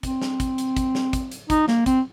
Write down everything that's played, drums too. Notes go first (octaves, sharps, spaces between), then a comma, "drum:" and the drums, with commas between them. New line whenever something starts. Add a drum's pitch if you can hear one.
C4, drum: kick, hi-hat
drum: snare
drum: kick, hi-hat
drum: hi-hat
drum: kick, hi-hat
drum: snare
drum: kick, hi-hat
drum: hi-hat
D#4, drum: kick, hi-hat
A#3, drum: snare
C4, drum: kick, hi-hat